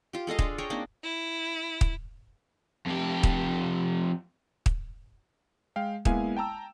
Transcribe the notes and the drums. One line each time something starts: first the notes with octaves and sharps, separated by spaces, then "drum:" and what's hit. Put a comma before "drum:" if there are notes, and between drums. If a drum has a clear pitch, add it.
F4 G4
G#3 A4 D#5 F5
D4 F4 G#4 A4, drum: kick
G#4 C#5 G5 A#5
A#3 C4 D4 D#4
E4
drum: kick
F2 G4
drum: kick
drum: kick
G#3 F5 G5
G#3 A#3 B3 E4 F5 G#5, drum: kick
G5 A5 A#5 E6